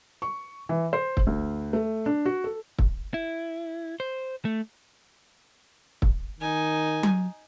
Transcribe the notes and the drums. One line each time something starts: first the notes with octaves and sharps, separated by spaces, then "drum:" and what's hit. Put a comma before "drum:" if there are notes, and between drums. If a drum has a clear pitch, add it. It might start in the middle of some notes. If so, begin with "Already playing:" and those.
C#6
E3
C5
drum: kick
D2
A3
D4
F#4
A4
drum: kick
E4
C5
A3
drum: kick
D#3 D#4 G#5
drum: tom F#3